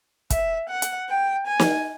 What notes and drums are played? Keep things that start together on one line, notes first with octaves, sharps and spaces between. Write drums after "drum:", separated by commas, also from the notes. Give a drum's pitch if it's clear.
E5, drum: kick, hi-hat
F#5
drum: hi-hat
G5
G#5
drum: snare